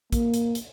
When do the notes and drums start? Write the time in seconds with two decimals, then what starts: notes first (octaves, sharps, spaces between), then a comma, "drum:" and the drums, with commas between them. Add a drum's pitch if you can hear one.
0.12 A#3, drum: kick, hi-hat
0.34 drum: hi-hat
0.55 drum: hi-hat